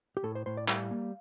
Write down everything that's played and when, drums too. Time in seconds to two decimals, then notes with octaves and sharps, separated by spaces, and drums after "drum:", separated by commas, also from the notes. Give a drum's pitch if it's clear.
0.17 G4
0.24 A2 A4
0.35 C5
0.46 A2 C5
0.57 D5
0.68 G3 F5, drum: clap
0.91 A#3